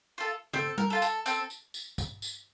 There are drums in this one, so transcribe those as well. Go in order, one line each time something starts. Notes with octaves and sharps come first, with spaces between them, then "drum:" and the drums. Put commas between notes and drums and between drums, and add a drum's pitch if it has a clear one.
F4 A4
C4 A4, drum: tom
A#4, drum: tom G3
F4 A4
A4, drum: tambourine
C4 A4, drum: tambourine
drum: tambourine
drum: tambourine
drum: kick, tambourine
drum: tambourine